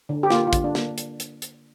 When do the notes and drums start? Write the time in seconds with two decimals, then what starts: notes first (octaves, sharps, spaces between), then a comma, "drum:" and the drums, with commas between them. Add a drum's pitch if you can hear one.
0.09 D3
0.23 G4
0.30 A#3 F4, drum: snare
0.47 F4
0.53 D3, drum: kick, hi-hat
0.64 D4
0.75 A#3, drum: snare
0.98 drum: hi-hat
1.20 drum: hi-hat
1.42 drum: hi-hat